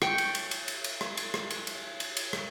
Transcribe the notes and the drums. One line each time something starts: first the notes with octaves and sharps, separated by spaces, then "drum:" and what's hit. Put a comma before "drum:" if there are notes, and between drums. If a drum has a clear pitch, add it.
G5 C#6, drum: rim click
drum: cymbal
drum: cymbal
drum: cymbal
drum: cymbal
drum: cymbal
drum: rim click
drum: cymbal
drum: rim click
drum: cymbal
drum: cymbal
drum: cymbal
drum: cymbal
drum: rim click